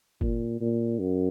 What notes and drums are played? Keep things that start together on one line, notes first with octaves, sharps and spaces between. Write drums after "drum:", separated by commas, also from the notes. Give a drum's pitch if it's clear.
A#2, drum: kick G1
A#2
F#2